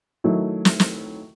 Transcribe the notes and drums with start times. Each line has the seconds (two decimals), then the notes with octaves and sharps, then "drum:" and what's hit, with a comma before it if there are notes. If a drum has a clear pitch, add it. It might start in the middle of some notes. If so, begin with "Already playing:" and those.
0.24 D#3 F#3 A3 D#4 E4
0.65 drum: snare
0.80 drum: snare